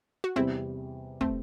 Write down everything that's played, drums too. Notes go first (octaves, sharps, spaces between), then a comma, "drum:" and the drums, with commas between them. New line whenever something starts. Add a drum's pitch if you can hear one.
F#4
E2 C3 G3 C4 E4
A3 C4, drum: kick